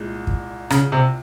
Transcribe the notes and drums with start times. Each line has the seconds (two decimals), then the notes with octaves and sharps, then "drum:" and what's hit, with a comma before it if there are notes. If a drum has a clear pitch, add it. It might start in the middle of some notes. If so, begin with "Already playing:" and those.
Already playing: C2 A#2 G#3
0.27 drum: kick
0.70 C#3, drum: rim click
0.92 C3